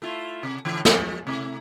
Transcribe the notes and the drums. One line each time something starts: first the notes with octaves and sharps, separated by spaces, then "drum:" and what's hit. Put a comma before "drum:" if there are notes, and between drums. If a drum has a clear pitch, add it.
A3 E4 F4
C3
A2 D3 E3
F3 G#3, drum: snare
C3 A3 E4